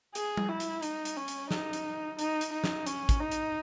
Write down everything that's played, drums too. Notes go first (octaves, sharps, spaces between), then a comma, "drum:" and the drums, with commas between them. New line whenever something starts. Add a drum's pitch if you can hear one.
G#4, drum: hi-hat
drum: tom G3
E4
drum: hi-hat
D#4, drum: hi-hat
drum: hi-hat
C#4
drum: hi-hat
D#4, drum: snare
drum: hi-hat
D#4, drum: hi-hat
drum: hi-hat
D#4
drum: snare
C#4, drum: hi-hat
drum: kick, hi-hat
D#4
drum: hi-hat